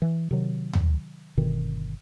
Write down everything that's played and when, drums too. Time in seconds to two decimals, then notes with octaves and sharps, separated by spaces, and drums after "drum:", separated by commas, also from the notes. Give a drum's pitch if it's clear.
0.02 E3
0.31 C3 D#3 F#3
0.73 drum: tom
1.37 G1 B2 D3 D#3